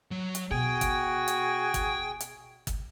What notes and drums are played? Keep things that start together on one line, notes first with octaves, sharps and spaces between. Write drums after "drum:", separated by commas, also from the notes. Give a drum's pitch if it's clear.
F#3
drum: hi-hat
B2 F#4 G#4 G5
drum: kick, hi-hat
drum: hi-hat
drum: kick, hi-hat
drum: hi-hat
drum: kick, hi-hat